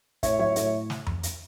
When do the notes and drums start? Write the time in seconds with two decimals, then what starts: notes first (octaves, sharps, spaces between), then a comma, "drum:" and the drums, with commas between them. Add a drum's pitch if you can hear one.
0.23 A2 C#5 E5, drum: kick, hi-hat
0.39 F#3 C#5 E5
0.56 A2 C#5 E5, drum: hi-hat
0.90 drum: snare
1.07 drum: tom F2
1.23 drum: hi-hat